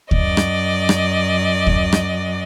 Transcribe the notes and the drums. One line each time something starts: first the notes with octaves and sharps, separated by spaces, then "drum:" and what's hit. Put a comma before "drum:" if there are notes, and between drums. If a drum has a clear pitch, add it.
F#2 D5 D#5, drum: kick D2
drum: rim click
drum: rim click
drum: kick D2
drum: rim click